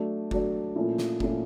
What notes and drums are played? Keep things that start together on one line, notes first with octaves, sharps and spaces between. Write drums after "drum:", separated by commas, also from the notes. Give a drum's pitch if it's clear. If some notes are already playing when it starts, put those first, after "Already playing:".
Already playing: F#3 A3 D4
F#3 A3 D4, drum: kick F#1
A#2 F3 A3 C#4 E4
drum: snare
A#2 F3 A3 C#4 E4, drum: kick F#1